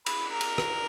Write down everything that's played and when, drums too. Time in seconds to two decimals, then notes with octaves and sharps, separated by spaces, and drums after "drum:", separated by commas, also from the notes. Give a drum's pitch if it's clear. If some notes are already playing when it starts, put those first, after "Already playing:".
0.06 B4, drum: cymbal
0.31 A#4
0.41 drum: cymbal
0.58 drum: rim click